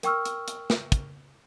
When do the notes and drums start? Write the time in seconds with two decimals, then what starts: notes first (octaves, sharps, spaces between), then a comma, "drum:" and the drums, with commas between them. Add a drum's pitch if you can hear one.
0.03 A#4 G5 C#6 E6 F6, drum: hi-hat
0.25 drum: hi-hat
0.48 drum: hi-hat
0.70 drum: snare
0.92 drum: kick, hi-hat